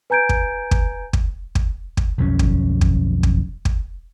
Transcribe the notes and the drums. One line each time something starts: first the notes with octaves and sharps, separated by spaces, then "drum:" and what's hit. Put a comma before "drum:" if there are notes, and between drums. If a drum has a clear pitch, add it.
B4 G#5 A#5 G6 G#6 D7
drum: kick
drum: kick
drum: kick
drum: kick
drum: kick
B1 F2 E3 C#4
drum: kick
drum: kick
drum: kick
drum: kick